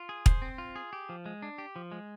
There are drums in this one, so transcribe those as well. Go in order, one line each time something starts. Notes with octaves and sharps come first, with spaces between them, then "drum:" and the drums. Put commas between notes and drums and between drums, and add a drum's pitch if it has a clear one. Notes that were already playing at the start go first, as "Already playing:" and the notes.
Already playing: F4
G#4
C5, drum: kick
C4
F4
G#4
G4
F3
G#3
D4
G4
F3
G#3